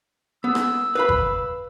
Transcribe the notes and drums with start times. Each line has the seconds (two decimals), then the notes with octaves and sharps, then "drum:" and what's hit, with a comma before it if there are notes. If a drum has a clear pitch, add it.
0.44 B3 E6
0.55 drum: rim click
0.95 B4 F5 B5
1.09 drum: kick G1